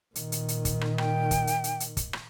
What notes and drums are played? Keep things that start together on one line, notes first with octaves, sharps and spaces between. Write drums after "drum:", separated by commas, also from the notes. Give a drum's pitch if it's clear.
A#2 D#3, drum: hi-hat
drum: hi-hat
drum: hi-hat
drum: kick, hi-hat
drum: rim click
G5, drum: rim click
drum: kick, hi-hat
drum: hi-hat
drum: hi-hat
drum: hi-hat
drum: kick, hi-hat
drum: rim click